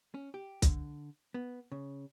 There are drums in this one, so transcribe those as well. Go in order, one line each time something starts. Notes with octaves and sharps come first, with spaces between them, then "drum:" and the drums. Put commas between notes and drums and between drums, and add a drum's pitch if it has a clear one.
C#4
G4
D3, drum: kick, hi-hat
B3
C#3